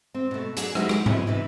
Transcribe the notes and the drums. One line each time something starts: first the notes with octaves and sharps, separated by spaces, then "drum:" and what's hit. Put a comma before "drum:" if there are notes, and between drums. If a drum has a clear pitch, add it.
C4
B2 A3
F#3 A#3 D4 G#4 D5, drum: hi-hat
F#3 G#3 D#4 E4 G4, drum: rim click
drum: rim click
E4 F4 D5 D#5, drum: tom G#2
G2 C3 E3 D#4 B4